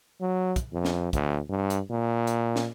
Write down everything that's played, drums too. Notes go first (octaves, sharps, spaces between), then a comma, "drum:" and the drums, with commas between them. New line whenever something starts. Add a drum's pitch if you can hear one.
F#3
drum: kick, hi-hat
F2
drum: snare
D2, drum: kick, hi-hat
G2
drum: hi-hat
A#2
drum: hi-hat
drum: snare